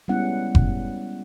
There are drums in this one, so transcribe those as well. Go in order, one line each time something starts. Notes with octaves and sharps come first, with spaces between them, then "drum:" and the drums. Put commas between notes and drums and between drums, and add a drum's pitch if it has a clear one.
G3 G#3 B3 C#4 E4 F#5
drum: kick F#1